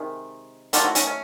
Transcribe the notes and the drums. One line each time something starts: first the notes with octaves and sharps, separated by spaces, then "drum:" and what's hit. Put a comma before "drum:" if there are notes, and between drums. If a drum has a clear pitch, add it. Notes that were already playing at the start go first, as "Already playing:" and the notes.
Already playing: C3 D#3 G#3
D#3 F#3 A3 F4 G4, drum: hi-hat
E4 F#4
C#4 D#4, drum: hi-hat
C#4